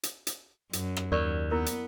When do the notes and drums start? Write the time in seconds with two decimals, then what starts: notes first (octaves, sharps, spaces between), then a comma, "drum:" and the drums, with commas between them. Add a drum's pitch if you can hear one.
0.03 drum: hi-hat
0.27 drum: hi-hat
0.73 F#2, drum: hi-hat
0.97 drum: rim click
1.12 D#2 A#4 D5 C#6
1.51 B3 E4 A#4
1.66 drum: hi-hat